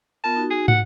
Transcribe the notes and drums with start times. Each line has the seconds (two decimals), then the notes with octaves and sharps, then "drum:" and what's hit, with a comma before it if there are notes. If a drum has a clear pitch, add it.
0.24 B3 F4 A#4 A5
0.36 D#4 F#4
0.50 G#4
0.68 F#5, drum: tom